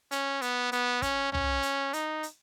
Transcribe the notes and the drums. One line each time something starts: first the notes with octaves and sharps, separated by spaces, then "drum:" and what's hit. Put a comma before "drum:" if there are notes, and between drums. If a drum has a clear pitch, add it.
C#4, drum: hi-hat
B3, drum: hi-hat
B3, drum: hi-hat
C#4, drum: kick, hi-hat
C#4, drum: tom C2
drum: hi-hat
D#4, drum: hi-hat
drum: hi-hat